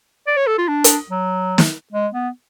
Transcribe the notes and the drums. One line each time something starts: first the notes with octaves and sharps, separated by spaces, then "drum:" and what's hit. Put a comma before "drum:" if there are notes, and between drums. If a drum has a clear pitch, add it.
D5
C#5
A4
F4
D4
drum: hi-hat
F#3
drum: snare
G#3
B3